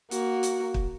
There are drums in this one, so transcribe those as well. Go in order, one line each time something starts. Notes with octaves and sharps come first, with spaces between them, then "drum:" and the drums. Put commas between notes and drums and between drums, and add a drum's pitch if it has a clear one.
A#3 F#4, drum: hi-hat
drum: hi-hat
drum: kick